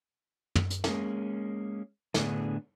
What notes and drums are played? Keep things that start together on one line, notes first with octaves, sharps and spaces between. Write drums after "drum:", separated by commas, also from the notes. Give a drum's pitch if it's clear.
drum: tom
drum: hi-hat
G#3 A#3 B3 C#4 G#4, drum: snare
A2 D3 B3 D4 G#4, drum: snare